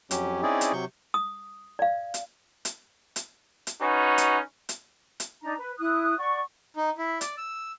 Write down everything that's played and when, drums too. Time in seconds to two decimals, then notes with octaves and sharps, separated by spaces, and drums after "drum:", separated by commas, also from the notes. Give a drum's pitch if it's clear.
0.11 F2 F#3 C#4 G4, drum: hi-hat
0.43 C4 C#4 D#4 E4 G#4 D5
0.61 drum: hi-hat
0.73 C3 F#3 C#6 G6
1.14 D#6
1.79 D5 F5
2.14 drum: hi-hat
2.65 drum: hi-hat
3.16 drum: hi-hat
3.67 drum: hi-hat
3.82 C#4 D#4 F#4 B4
4.18 drum: hi-hat
4.69 drum: hi-hat
5.20 drum: hi-hat
5.42 D4 D#4 A#5
5.58 B4
5.79 E4 D#6 F#6
6.17 D5 F#5 C#6
6.77 D#4
6.98 E4
7.21 D5, drum: hi-hat
7.38 E6